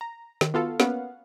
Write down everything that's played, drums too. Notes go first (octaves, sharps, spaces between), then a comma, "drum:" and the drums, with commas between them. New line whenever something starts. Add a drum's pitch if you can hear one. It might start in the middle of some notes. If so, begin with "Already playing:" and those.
A#5
D#3, drum: snare
B3 F4 F#4 A4 F5
A#3 B3 C#4 F5 F#5, drum: snare